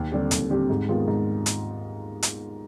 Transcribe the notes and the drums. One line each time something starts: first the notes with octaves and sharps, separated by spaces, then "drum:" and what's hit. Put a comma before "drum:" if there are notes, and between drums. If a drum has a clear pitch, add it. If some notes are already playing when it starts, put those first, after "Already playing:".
Already playing: D#2
D3 G3 C4 G4
D#2, drum: hi-hat
D3 G3 C4 G4
G#2
D#3 G#3 B3 F4
G#2
drum: hi-hat
drum: hi-hat